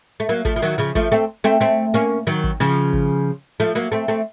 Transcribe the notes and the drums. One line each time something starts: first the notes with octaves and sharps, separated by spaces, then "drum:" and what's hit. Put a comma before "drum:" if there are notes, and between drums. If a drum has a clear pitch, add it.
A3
F#3 A#3
F3 A3, drum: kick
F3
D#3 F#3
C#3 F3
F3 A3, drum: kick
A3 C4
A3 C4
A3 C4
A#3 C#4
D#3 F#3
drum: kick
C#3 F3
drum: kick
F3 A3
F#3 A#3
A3 C4
A3 C4